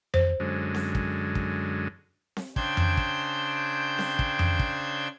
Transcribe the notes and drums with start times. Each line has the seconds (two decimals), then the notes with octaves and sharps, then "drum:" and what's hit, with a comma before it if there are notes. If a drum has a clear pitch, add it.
0.14 C5, drum: tom F2
0.40 F#2 D3 G#3
0.74 drum: snare C4
0.95 drum: kick
1.35 drum: kick
2.37 drum: snare C4
2.56 C#3 D4 C5 G5 G6 G#6, drum: kick
2.77 drum: tom F2
2.97 drum: kick
3.99 drum: snare C4
4.19 drum: kick
4.39 drum: tom F2
4.59 drum: kick